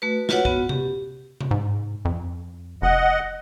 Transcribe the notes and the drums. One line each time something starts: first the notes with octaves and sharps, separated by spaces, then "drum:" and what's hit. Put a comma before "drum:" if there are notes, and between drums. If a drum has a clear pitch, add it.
A3 F#4 B4
F4 F#4 B4 C#5 F#5, drum: snare
B3 F#4, drum: kick
G4, drum: tom C3
drum: tom C3
G#2
F2
F1 D#5 F#5